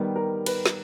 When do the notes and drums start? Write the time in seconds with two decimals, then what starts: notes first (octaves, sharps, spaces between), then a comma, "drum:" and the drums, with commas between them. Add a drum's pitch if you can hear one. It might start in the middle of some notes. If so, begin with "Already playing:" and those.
Already playing: D#3 G3 B3
0.16 A#4
0.46 B4, drum: cymbal
0.66 drum: snare